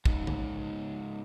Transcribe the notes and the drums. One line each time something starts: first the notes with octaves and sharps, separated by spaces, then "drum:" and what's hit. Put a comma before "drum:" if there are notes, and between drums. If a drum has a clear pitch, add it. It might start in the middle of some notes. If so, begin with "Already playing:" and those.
C#2 G#2, drum: kick
drum: tom D3